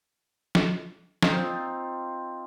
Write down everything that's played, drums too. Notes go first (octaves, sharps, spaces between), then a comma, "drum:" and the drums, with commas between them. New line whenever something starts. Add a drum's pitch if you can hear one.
drum: snare
C4 D#4 F4, drum: snare